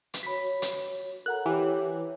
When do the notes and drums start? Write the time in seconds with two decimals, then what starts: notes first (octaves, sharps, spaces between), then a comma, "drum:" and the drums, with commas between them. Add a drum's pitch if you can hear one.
0.14 drum: hi-hat
0.23 F#4 C#5 B5 B6
0.62 drum: hi-hat
1.26 A4 A#4 F#5 A#5 F#6
1.46 E3 G4 C#5